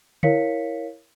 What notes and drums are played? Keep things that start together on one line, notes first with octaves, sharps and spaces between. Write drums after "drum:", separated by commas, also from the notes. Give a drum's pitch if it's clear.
E4 A#4 C#5 F5 B6 C#7, drum: tom